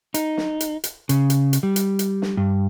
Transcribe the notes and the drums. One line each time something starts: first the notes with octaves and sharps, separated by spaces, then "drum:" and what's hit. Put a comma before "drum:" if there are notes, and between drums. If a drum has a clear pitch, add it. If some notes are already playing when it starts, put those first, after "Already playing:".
D#4, drum: hi-hat
drum: snare
drum: hi-hat
drum: hi-hat
C#3, drum: hi-hat
drum: hi-hat
drum: hi-hat
G3
drum: hi-hat
drum: hi-hat
drum: snare
G2